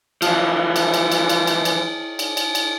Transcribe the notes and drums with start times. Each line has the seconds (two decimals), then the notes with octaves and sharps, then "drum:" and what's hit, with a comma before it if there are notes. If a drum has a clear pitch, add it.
0.22 E3 F3, drum: cymbal
0.76 drum: cymbal
0.94 drum: cymbal
1.12 drum: cymbal
1.29 drum: cymbal
1.47 drum: cymbal
1.65 drum: cymbal
2.19 drum: cymbal
2.37 drum: cymbal
2.55 drum: cymbal